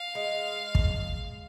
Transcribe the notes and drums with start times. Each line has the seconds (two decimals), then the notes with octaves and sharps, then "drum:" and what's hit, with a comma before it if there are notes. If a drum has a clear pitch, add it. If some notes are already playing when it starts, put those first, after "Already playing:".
Already playing: F5
0.15 G#3
0.75 drum: kick